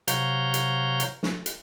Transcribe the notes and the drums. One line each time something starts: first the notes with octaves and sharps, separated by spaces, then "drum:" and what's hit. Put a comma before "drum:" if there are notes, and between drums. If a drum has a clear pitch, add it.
C3 F#3 C#5 F5 A#5 G6, drum: hi-hat
drum: hi-hat
drum: hi-hat
drum: snare
drum: hi-hat